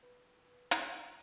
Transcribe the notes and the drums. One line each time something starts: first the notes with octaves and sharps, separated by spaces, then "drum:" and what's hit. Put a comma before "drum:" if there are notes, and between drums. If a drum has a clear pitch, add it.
B4
drum: hi-hat